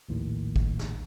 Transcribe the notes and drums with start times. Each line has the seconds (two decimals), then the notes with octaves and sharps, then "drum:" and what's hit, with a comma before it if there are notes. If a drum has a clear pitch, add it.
0.09 A#1 D#2 A2 D#3
0.56 drum: kick
0.79 drum: snare